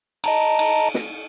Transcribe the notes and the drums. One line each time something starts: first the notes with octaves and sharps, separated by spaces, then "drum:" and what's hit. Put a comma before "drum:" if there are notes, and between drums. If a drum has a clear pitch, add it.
D#5 A5 A#5, drum: cymbal
drum: cymbal
drum: snare